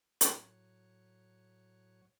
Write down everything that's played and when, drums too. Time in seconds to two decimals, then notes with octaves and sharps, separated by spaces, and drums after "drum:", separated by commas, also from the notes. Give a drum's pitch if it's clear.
0.21 A2 F#3 C#5, drum: hi-hat